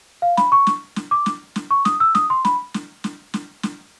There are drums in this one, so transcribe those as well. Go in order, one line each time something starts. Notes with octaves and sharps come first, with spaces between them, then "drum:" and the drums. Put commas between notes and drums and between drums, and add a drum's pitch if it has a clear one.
F5
B5, drum: snare
C#6
drum: snare
drum: snare
D6
drum: snare
drum: snare
C#6
D#6, drum: snare
E6
D#6, drum: snare
C6
B5, drum: snare
drum: snare
drum: snare
drum: snare
drum: snare